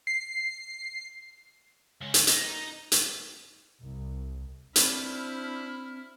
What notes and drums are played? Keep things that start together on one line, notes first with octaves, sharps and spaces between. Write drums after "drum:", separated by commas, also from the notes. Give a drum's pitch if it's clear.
C7
C#2 C#4
drum: hi-hat
D#4, drum: hi-hat
drum: hi-hat
C2
C4 D4 E4 C5 B5 F6, drum: hi-hat